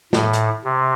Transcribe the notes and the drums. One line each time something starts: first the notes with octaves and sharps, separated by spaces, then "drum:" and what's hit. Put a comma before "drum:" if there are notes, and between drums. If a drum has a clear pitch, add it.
A2, drum: snare
drum: hi-hat
C3